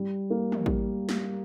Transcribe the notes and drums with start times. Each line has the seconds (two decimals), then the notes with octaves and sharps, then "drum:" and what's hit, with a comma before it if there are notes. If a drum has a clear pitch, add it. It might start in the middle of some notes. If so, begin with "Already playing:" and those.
Already playing: G3
0.30 A#3
0.52 drum: tom
0.66 G3, drum: kick
1.09 drum: snare